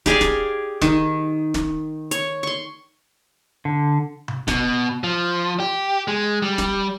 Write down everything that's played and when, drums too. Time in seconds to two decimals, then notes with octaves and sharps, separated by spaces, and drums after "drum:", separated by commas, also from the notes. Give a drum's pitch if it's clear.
0.06 G4 G#4 D5 F5, drum: snare
0.21 drum: snare
0.82 D#3, drum: snare
1.54 drum: snare
2.11 C#5, drum: hi-hat
2.43 C6 C#6
3.65 D3
4.28 drum: tom B2
4.48 B2, drum: snare
5.04 F3
5.60 G4
6.08 G#3
6.42 G3
6.58 drum: snare